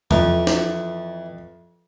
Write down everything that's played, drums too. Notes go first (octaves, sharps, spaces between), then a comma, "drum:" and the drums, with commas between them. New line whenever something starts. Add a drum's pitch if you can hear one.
F2 E3, drum: tom E2
drum: snare